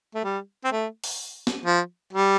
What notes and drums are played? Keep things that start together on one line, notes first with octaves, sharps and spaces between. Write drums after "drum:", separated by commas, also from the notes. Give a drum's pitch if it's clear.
A3
G3
C4
A3
drum: open hi-hat
drum: snare
F3
G3